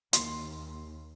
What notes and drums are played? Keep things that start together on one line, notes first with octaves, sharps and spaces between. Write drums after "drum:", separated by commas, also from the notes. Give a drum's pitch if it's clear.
D#2 C6, drum: hi-hat